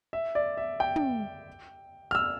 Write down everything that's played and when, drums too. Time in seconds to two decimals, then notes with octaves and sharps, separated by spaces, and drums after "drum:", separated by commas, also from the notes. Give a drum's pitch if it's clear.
0.13 E5
0.35 D5
0.57 E5
0.80 G5
0.96 drum: tom
2.11 F6
2.15 E6